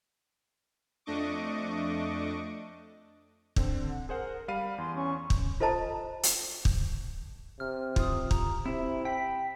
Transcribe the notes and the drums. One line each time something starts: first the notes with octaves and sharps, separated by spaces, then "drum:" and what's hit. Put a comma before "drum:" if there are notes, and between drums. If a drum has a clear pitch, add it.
F2 A3 D4 D#5 C#6 D6
D3 C4, drum: kick
F#5
G#4 A#4 C5 F#5
G3 F5 B5 D#7
E2 C6
C#4 C#6
drum: kick
F4 A4 C5 D#5 A5 A#5
drum: hi-hat
drum: kick
C3 F6
F4 D#6, drum: kick
A#5, drum: kick
C3 C4 E4
G5 B5 B6